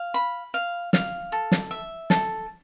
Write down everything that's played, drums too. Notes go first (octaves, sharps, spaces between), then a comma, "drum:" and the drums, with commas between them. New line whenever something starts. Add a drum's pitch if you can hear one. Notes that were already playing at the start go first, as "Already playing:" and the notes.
Already playing: F5
B5
F5
F5, drum: snare
A4
drum: snare
E5
A4, drum: snare